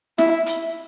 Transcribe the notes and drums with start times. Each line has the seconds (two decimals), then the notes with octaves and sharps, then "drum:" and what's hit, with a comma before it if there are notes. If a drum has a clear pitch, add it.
0.18 E4, drum: snare
0.46 drum: hi-hat